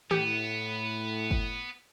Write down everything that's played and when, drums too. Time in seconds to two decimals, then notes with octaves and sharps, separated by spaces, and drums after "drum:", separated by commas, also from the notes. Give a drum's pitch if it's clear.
0.11 A2 B3 G4, drum: tom D#3
1.31 drum: kick